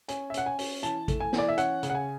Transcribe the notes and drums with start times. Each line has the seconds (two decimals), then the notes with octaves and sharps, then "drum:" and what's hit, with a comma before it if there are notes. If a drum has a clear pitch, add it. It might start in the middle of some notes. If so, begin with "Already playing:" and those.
0.08 C#4 G#5, drum: hi-hat
0.30 E5
0.34 C#4 F#5, drum: hi-hat
0.46 G#5
0.59 C#4, drum: open hi-hat
0.83 E3 A5, drum: hi-hat
1.08 A3, drum: kick A1, hi-hat
1.20 G#5
1.33 E3, drum: snare
1.38 D5
1.49 E5
1.58 C#4 F#5, drum: hi-hat
1.83 C#3, drum: hi-hat
1.90 F#5
1.95 G#5